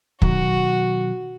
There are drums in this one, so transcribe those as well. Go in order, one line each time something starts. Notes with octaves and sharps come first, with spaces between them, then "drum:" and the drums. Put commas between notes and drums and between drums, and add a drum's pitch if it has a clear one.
B2 D#3 F#3 F#4, drum: kick